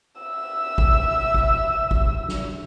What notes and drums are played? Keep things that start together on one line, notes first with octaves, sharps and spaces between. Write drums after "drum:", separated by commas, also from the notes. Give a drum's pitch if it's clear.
E5 E6
drum: kick G#1
drum: kick G#1
drum: kick G#1
drum: snare